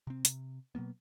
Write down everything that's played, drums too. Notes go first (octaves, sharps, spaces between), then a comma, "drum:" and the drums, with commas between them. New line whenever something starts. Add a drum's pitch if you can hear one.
C3 C4
C3, drum: hi-hat
B2 F#3 A#3 B3